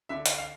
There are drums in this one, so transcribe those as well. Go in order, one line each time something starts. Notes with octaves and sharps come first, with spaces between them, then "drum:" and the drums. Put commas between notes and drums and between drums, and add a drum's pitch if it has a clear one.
D3 E5
F5, drum: hi-hat
F5